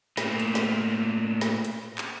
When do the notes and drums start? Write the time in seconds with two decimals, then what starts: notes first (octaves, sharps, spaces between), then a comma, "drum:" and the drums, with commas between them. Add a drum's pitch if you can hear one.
0.17 A2 A#3, drum: snare
0.40 drum: hi-hat
0.55 drum: snare
1.41 drum: snare
1.65 drum: hi-hat
1.98 drum: clap